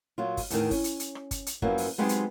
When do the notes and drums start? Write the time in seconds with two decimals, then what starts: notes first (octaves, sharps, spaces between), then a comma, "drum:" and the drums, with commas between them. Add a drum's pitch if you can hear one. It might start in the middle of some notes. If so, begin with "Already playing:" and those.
0.18 A#2 F#3 F4
0.37 drum: kick G1, open hi-hat
0.50 E2 A2 D#3, drum: hi-hat
0.71 C#4, drum: kick G1, open hi-hat
0.84 drum: hi-hat
1.00 drum: hi-hat
1.15 drum: rim click
1.31 drum: kick G1, hi-hat
1.46 drum: hi-hat
1.62 F#2 F3 F#3 A#3 B3 E4, drum: kick G1
1.78 drum: open hi-hat
1.98 F#3 G#3 B3 C4 D#4 G4
2.09 drum: hi-hat